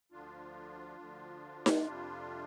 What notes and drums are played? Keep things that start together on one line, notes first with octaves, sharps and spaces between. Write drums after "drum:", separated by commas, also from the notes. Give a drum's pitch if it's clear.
D2 D3 F3 D4 F4
D2 D3 F3
drum: snare D#4
F2 C3 G3